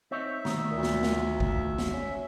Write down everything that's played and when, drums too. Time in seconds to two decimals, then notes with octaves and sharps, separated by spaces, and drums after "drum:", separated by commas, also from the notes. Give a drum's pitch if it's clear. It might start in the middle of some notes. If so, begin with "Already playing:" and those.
0.11 C4 D#4 C#5 E5
0.45 D#3 A3, drum: snare
0.70 D2 A#2
0.83 drum: snare
1.03 F4, drum: snare
1.40 drum: kick
1.78 drum: snare
1.93 C#4